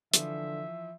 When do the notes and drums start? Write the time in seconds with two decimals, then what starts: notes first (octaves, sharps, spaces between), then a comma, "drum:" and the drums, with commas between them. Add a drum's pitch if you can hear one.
0.14 D3 E3 F3 F4 E5, drum: hi-hat